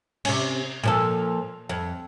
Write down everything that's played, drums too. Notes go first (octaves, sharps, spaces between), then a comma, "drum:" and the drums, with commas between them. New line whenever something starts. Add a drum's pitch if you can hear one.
C3 C#4, drum: cymbal
A#2 F3 A4
F2